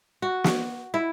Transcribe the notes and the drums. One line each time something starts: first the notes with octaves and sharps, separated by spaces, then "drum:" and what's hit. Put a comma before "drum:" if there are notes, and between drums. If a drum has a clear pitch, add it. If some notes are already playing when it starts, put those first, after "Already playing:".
F#4
drum: snare
E4